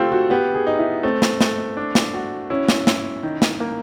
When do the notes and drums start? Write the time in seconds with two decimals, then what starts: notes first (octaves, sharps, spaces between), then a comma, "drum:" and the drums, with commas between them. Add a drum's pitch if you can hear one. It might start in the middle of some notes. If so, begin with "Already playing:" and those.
Already playing: A3 C4 F4 G4
0.12 F#4
0.30 B3 G4
0.54 G#4
0.67 D#4
0.79 E4
1.03 A3 C4
1.22 drum: snare
1.41 A3, drum: snare
1.77 D4
1.95 drum: snare
2.14 F#4
2.50 C#4 E4
2.68 drum: snare
2.87 E4, drum: snare
3.23 D#3
3.42 drum: snare
3.60 A#3